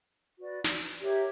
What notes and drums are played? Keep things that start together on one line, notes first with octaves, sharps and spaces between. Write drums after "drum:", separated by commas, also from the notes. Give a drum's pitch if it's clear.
F#4 B4 D5
drum: snare
G4 A#4 C#5 E5